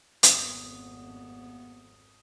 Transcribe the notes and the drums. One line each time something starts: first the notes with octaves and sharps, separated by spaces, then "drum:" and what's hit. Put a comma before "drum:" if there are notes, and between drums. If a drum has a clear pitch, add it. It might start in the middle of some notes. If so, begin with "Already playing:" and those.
G#1 F2 C3 A#3 B3 D#6, drum: hi-hat